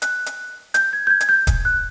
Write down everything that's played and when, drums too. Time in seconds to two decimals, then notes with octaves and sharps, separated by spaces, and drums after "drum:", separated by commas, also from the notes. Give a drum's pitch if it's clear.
0.02 F#6, drum: hi-hat
0.26 drum: hi-hat
0.74 G6, drum: hi-hat
0.93 G#6
1.07 G6
1.10 G#6
1.20 G#6, drum: hi-hat
1.29 G6
1.47 drum: kick, hi-hat
1.65 F#6